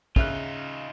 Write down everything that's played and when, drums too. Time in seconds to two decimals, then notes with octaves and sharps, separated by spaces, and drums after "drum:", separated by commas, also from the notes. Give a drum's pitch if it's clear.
0.16 C#3 D#4 F4 E5 F#6, drum: kick